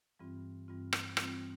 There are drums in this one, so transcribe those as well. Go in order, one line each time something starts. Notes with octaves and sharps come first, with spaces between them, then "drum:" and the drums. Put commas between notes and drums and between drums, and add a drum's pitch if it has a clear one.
G2 E3 G3 C4 F4
G2 E3 G3 C4 F4
drum: rim click
G2 E3 G3 C4 F4, drum: rim click